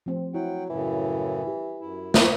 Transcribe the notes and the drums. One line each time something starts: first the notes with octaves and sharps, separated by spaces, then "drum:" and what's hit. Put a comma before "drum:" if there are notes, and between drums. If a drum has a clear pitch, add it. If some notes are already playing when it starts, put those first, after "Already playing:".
F3 A3 C4
F#3 E4 F#5 G5
F#2 A2 C#3 E3
G4
F#2 E4
drum: snare